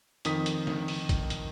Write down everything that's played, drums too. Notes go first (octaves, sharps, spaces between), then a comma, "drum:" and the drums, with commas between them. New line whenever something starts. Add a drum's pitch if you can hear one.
F2 D#3 D#6 B6, drum: hi-hat
drum: hi-hat
drum: snare
drum: open hi-hat
drum: kick, hi-hat
drum: hi-hat